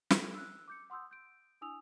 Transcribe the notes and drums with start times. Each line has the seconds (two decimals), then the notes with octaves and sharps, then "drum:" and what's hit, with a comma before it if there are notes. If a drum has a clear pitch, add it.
0.11 G4 A4, drum: snare
0.35 E6 F#6
0.68 D6 G6 C#7
0.90 F#5 C6 D#6 E6 G6
1.11 G6 D7
1.61 D4 E4 G#5 D#6 E6 F7